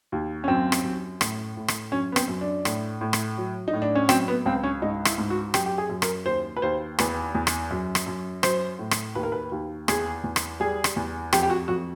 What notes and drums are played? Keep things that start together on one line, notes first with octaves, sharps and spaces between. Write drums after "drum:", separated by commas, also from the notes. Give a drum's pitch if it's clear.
D#2
C#4
F#2 C4
drum: rim click
F#2
A2, drum: rim click
A2
drum: rim click
F#2 C#4
B3
C4, drum: rim click
F#2
D4
A2, drum: rim click
A2
drum: rim click
F#3
D#4
A2
D4
C#4
F#3 C4, drum: rim click
B3
C#2 C4
C#4
G#2 D#4
E4, drum: rim click
G#2
F#4
F#2 G4, drum: rim click
G4
G#4
F#2
A#4, drum: rim click
D#2 C5
B4
D#2 C5
E2 B4, drum: rim click
E2
drum: rim click
F#2
drum: rim click
F#2
F#3 C5, drum: rim click
A2
drum: rim click
D#2 B4
A#4
B4
D#2
E2 G#4, drum: rim click
E2
drum: rim click
G3 G#4
drum: rim click
E2
F2 G4, drum: rim click
G4
F#4
F2 F#4